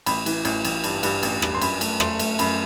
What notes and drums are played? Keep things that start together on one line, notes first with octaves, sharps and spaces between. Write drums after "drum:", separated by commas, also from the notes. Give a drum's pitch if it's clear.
A1 B5, drum: cymbal
E3, drum: cymbal
A1, drum: cymbal
A1, drum: cymbal
G2, drum: cymbal
G2, drum: cymbal
A1, drum: cymbal
G2, drum: rim click
C6
F#2 B5, drum: cymbal
A3, drum: cymbal
A3 C6, drum: rim click
A3, drum: cymbal
F#2 B5, drum: cymbal